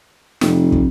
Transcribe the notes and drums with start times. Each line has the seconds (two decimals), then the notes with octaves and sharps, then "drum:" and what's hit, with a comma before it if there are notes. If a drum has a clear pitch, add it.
0.41 F1, drum: snare
0.72 drum: kick